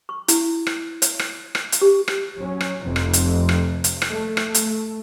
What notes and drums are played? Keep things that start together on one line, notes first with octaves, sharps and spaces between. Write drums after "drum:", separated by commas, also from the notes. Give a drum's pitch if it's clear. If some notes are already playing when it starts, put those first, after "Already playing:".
C#6
E4, drum: hi-hat
drum: rim click
C#5, drum: hi-hat
drum: rim click
drum: rim click
drum: hi-hat
G4
drum: rim click
F#3 C#4
drum: rim click
F1 F2 C3
drum: rim click
drum: hi-hat
drum: rim click
drum: hi-hat
drum: rim click
A3
drum: rim click
drum: hi-hat